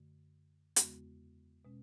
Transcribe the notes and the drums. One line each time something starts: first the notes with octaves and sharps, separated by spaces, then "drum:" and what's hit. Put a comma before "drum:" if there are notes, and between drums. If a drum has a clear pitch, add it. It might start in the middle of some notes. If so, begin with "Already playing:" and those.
Already playing: F#2 D3 A3
E2 C#3 G#3 B3 F#4, drum: hi-hat
B2 G#3 C#4